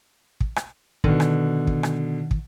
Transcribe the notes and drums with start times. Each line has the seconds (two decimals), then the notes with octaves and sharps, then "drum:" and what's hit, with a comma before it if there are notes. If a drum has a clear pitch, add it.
0.41 drum: kick
0.56 drum: rim click
1.04 B2 D3 D#3, drum: kick
1.20 drum: rim click
1.67 drum: kick
1.83 drum: rim click
2.31 drum: kick